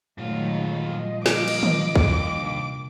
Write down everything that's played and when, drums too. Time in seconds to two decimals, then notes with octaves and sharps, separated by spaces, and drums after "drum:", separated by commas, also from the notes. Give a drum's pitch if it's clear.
0.18 F#2 A#2 D#3 F#3 G#3 A3 F4
0.93 A#2 F3 G3 D#5
1.26 D3 A#3 D6, drum: snare
1.48 drum: cymbal
1.63 drum: tom
1.96 D#2 A#4 D5, drum: kick
2.36 C3 D4